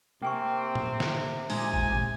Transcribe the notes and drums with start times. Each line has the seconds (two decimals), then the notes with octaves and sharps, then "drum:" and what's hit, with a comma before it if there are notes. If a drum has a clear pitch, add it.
0.22 C3 A#3 C4 G5 G#5 C#6
0.75 drum: tom A2
1.00 drum: snare
1.50 A#2 C#3 G#3 D#4 G#5, drum: open hi-hat
1.74 drum: kick